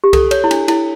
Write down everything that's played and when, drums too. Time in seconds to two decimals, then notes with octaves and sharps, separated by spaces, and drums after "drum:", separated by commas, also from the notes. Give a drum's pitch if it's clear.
0.04 G4
0.13 A4, drum: kick C2, cymbal
0.31 C#5, drum: cymbal
0.44 E4
0.51 D4, drum: cymbal
0.68 E4, drum: cymbal